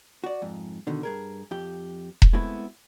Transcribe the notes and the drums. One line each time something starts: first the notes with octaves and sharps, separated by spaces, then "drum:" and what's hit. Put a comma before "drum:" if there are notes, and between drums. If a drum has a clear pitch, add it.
F#4 D5
F2 G#2
B2 D3 D#3
G2 G#4 A#4
F2 G4
drum: kick E1
G#3 A3 B3 C4 E4 F#4